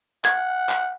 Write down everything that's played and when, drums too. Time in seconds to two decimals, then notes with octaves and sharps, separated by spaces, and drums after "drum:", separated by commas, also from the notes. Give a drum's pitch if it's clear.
0.25 F#5 G#6, drum: clap
0.69 drum: clap